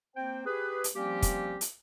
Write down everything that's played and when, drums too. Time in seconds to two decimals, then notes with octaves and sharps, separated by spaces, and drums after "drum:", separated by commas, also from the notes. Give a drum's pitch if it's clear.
0.16 A#3 C4 C5 G5
0.46 G4 G#4 B4
0.84 drum: hi-hat
0.95 F3 G3 A#3 C4 C#4 G4
1.22 drum: kick, hi-hat
1.61 drum: hi-hat